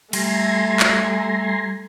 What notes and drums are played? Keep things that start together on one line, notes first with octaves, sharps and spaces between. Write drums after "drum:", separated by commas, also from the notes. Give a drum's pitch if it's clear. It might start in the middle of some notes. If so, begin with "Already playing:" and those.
G3 A3 G#5 A#5 C6, drum: cymbal
drum: clap